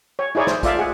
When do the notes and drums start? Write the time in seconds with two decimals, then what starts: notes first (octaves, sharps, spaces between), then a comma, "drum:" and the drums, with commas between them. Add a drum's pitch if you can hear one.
0.19 C#5
0.35 D#4 E4 G#4 C#5 D5
0.47 C5, drum: snare
0.63 A3 F4 D5 E5 F5, drum: kick, hi-hat
0.78 G#4 F#5